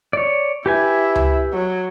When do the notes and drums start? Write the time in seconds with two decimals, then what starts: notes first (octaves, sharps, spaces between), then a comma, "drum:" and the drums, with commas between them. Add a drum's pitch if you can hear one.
0.13 C#5 D5
0.66 E4 G4 B4 G#5
1.16 drum: tom C#2
1.53 F#3